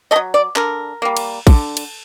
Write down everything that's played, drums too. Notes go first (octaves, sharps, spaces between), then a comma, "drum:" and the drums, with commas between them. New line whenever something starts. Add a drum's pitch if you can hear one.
A3 D#5
F#3
D5
D3 A#4, drum: clap
G3 A#3
drum: cymbal
D3, drum: kick, cymbal
drum: cymbal